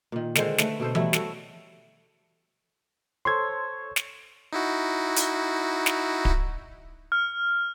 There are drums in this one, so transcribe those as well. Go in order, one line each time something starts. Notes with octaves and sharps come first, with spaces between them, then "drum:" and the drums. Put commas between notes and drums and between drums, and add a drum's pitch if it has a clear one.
A#2 D#3
D3 D#3 G#3 C5, drum: snare
A3 B4, drum: snare
B2 A4 C5
F#3 G3 A3 E4, drum: tom E3
F#4 A4, drum: snare
A4 C5 C#5 C6 G#6
drum: snare
D#4 E4 F#4
drum: hi-hat
drum: snare
drum: kick D1
F6